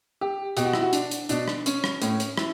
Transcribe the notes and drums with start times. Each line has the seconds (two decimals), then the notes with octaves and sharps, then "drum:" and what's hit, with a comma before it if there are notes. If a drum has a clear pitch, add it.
0.21 G4
0.57 B2 G4, drum: hi-hat
0.65 F#4
0.73 E4, drum: rim click
0.82 F#4
0.93 D4, drum: hi-hat
1.11 drum: hi-hat
1.29 B2 D4, drum: hi-hat
1.48 drum: rim click
1.66 C#4, drum: hi-hat
1.84 drum: rim click
2.02 A2 C#4, drum: hi-hat
2.20 drum: hi-hat
2.38 E4, drum: rim click